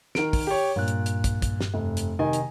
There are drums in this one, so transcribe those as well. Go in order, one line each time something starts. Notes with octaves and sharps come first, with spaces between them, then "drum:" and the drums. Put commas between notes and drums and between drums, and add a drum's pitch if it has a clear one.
D#3 A#4 D7, drum: snare
drum: kick, open hi-hat
G4 C#5
G2 A#2 F#6
drum: hi-hat
drum: hi-hat
drum: kick, hi-hat
drum: kick, hi-hat
drum: snare
F1
drum: hi-hat
C3 D#3 D#5 G#5
drum: hi-hat